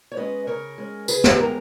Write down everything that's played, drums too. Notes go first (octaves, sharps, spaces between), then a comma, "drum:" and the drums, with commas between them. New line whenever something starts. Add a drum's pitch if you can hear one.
C#5
G#3 C#4 B4 D#5
C#3 A#4 C#5
G#3 C#4
C#3 G#4 B4, drum: tambourine
drum: snare
E3 G#3 B3 G4 A#4